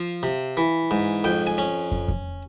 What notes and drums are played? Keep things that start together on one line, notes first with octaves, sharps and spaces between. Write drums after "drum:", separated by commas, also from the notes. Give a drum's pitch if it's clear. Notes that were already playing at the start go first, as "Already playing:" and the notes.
Already playing: F3 F5
C3
E3
G#2
F2 G5
G#5
C#4
drum: kick
drum: kick